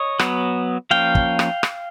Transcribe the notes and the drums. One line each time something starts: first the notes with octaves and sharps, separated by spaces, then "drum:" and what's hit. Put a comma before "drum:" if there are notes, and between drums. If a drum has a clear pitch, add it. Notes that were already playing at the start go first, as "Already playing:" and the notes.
Already playing: C#5 D#5
F#3 B3, drum: rim click
F3 A#3 C#4 F5 G5
drum: kick
drum: rim click
drum: rim click